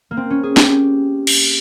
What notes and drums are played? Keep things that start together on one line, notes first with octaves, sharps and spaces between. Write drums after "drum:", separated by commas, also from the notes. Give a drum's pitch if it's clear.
A#3
C4
C#4
G#4
G4, drum: snare
drum: cymbal